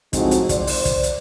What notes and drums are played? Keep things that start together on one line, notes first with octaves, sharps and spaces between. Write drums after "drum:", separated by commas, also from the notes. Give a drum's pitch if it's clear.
A2 F3 G#3 C4 D#4 F#4, drum: kick, hi-hat
drum: hi-hat
C5 D5, drum: kick, hi-hat
drum: open hi-hat
drum: kick, hi-hat
drum: hi-hat